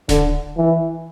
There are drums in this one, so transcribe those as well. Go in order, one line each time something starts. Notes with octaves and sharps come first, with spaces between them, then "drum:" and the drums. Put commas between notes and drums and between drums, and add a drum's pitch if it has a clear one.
D3, drum: snare D1
E3